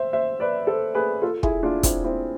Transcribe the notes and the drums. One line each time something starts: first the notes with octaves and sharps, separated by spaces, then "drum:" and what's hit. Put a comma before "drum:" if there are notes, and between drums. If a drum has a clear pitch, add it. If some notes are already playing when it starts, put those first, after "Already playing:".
Already playing: C5 E5
C5 E5
B4 D5
A4 C5
G#4 B4
F4 A4
E4 G#4, drum: kick
D4 F4
C4 E4, drum: kick, hi-hat
C4 E4